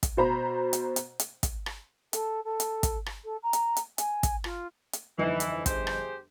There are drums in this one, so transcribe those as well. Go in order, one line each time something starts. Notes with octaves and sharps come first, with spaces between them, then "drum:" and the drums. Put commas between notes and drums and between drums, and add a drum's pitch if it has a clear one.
drum: kick, hi-hat
B2 C5 A#5 B5
drum: hi-hat
drum: hi-hat
drum: hi-hat
drum: kick, hi-hat
drum: rim click
A4, drum: hi-hat
A4
drum: hi-hat
drum: kick, hi-hat
drum: rim click
A4
A#5
drum: hi-hat
drum: hi-hat
G#5, drum: hi-hat
drum: kick, hi-hat
F4, drum: rim click
drum: hi-hat
G1 F2 E3 D#4
drum: hi-hat
G4 G#4 C5, drum: kick, hi-hat
drum: rim click